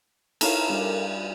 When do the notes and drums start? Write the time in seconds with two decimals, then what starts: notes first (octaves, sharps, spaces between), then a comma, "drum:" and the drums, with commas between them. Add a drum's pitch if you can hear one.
0.41 D#4 E4 A4 A#4 C#5 F5, drum: cymbal
0.69 G3 D4